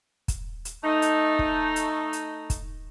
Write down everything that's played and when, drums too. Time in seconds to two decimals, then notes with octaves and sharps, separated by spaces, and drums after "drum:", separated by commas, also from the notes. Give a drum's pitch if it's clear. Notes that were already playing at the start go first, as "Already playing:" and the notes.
0.28 drum: kick, hi-hat
0.65 drum: hi-hat
0.84 A3 D#4
1.02 drum: hi-hat
1.39 drum: kick
1.76 drum: hi-hat
2.13 drum: hi-hat
2.50 drum: kick, hi-hat